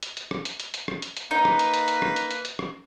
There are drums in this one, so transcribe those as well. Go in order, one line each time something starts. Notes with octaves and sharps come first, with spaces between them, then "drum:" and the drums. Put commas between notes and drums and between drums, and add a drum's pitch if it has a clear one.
drum: hi-hat
drum: hi-hat
drum: rim click
drum: hi-hat
drum: hi-hat
drum: hi-hat
drum: rim click
drum: hi-hat
drum: hi-hat
A#3 D#4 B4
drum: rim click
drum: hi-hat
drum: hi-hat
drum: hi-hat
drum: rim click
drum: hi-hat
drum: hi-hat
drum: hi-hat
drum: rim click